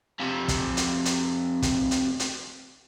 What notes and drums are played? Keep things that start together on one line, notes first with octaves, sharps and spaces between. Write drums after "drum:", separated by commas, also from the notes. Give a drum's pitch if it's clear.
F2 C3
drum: kick, hi-hat
drum: hi-hat
drum: hi-hat
drum: kick, hi-hat
drum: hi-hat
drum: hi-hat